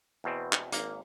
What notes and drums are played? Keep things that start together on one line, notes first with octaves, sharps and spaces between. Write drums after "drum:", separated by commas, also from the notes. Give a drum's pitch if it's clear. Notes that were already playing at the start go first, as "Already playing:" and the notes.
E2 B2 C4
drum: clap
G#1 A#3, drum: hi-hat